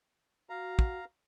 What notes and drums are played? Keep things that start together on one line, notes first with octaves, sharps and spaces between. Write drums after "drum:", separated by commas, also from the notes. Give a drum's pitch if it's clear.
F#4 F5 A#5
drum: kick